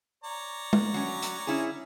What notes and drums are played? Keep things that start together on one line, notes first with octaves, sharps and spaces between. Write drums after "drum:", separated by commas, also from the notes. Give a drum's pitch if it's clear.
C#5 D5 A#5
drum: tom G#3
F#3 C#4
drum: hi-hat
C#4 E4 G#4